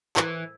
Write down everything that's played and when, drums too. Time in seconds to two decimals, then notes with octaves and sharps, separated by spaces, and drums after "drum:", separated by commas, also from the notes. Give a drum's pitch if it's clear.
0.17 E3, drum: clap